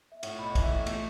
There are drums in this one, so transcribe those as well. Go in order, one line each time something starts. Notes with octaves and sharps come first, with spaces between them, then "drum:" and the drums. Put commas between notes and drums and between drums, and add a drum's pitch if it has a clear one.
E5
A2 F#5, drum: cymbal
B1 B5
E3 E5, drum: kick, cymbal
A2
A3, drum: cymbal